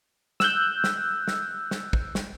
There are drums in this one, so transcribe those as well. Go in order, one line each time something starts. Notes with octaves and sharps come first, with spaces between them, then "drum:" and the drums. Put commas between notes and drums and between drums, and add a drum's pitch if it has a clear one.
E6 F#6 G6, drum: snare
drum: snare
drum: snare
drum: snare
drum: kick
drum: snare